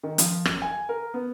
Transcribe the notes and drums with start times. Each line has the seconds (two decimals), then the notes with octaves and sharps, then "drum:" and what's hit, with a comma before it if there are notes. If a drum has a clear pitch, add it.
0.03 D#3
0.18 F3, drum: hi-hat
0.45 F#2, drum: rim click
0.62 G#5
0.89 A#4
1.14 B3